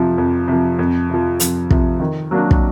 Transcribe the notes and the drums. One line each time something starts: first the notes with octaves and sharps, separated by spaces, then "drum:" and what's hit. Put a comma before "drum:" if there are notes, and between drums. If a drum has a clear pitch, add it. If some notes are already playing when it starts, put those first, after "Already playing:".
Already playing: F2 C3 F3
F2
C3 F3
F2
C3 F3
F2, drum: hi-hat
C3 F3, drum: kick
D#3
F#3 A#3 D4
drum: kick